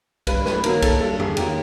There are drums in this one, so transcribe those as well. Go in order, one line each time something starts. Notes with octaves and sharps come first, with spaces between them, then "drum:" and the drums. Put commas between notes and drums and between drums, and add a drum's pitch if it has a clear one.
G2 B4, drum: kick B1, cymbal
B4, drum: snare
D#3 F#3 A#3 A#4, drum: cymbal
A4, drum: kick B1, cymbal
G2 A4
G#4, drum: tom E2
D#3 F#3 A#3 G4, drum: cymbal